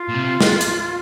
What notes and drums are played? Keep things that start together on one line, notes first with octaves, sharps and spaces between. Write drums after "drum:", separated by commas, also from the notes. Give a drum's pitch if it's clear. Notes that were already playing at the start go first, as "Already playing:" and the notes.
Already playing: F4
A#2
C3
drum: snare
drum: hi-hat